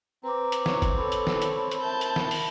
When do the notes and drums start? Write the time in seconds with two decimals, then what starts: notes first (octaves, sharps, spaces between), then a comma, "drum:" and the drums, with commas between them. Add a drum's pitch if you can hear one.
0.24 C4 B4 A#5 D6
0.52 drum: hi-hat
0.66 C#5, drum: snare
0.82 drum: kick, hi-hat
0.97 A4 C#5 B5
1.12 drum: hi-hat
1.27 drum: snare
1.42 drum: hi-hat
1.71 drum: hi-hat
1.81 A#4 E5 A5 G6
2.01 drum: hi-hat
2.16 drum: snare
2.31 drum: open hi-hat